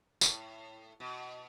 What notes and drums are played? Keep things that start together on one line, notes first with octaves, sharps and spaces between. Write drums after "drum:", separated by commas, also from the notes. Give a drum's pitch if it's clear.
A2, drum: tambourine
B2